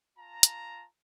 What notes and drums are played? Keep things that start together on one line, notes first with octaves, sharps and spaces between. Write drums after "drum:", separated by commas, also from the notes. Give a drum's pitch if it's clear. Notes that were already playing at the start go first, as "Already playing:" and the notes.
F4 A5 A#5
drum: hi-hat